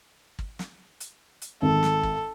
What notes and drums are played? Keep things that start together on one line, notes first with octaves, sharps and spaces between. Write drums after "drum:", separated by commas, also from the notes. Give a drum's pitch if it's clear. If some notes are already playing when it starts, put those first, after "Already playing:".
drum: kick G#1
drum: snare
drum: hi-hat
drum: hi-hat
G#1 A4
drum: snare
drum: kick G#1